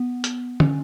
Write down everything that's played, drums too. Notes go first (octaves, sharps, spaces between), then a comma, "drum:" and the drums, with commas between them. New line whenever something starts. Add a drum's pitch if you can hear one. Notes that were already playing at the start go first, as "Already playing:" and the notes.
Already playing: B3
drum: hi-hat
C#4, drum: tom D3